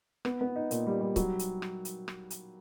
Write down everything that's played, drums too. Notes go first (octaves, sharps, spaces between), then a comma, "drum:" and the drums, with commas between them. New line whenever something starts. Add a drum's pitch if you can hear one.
B3, drum: rim click
B3
D#4
A#2, drum: hi-hat
G3
G3
F#3, drum: kick C#1, hi-hat
drum: hi-hat
drum: rim click
drum: hi-hat
drum: rim click
drum: hi-hat